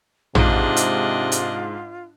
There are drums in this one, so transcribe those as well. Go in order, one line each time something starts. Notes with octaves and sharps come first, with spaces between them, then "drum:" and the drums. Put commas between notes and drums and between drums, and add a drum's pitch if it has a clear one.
G#2 C3 D4 F4 D#5, drum: tom
drum: hi-hat
drum: hi-hat